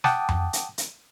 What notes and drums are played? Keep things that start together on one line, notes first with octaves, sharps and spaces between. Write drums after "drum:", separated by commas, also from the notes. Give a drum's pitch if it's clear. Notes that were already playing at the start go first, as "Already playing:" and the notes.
F#5 G5 A5 D6 D#6, drum: snare
drum: tom F2
drum: hi-hat
drum: hi-hat